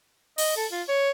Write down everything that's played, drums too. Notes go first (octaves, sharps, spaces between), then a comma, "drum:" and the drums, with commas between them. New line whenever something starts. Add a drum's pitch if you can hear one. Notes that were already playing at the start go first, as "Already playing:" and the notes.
D#5, drum: open hi-hat
A4
F4
C#5